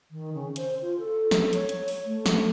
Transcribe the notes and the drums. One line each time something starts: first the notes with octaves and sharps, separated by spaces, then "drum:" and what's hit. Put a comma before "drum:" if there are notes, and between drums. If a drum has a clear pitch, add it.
D#3
C#3
C5, drum: hi-hat
F4
A4
drum: snare
C#5, drum: hi-hat
drum: hi-hat
drum: open hi-hat
A3
drum: snare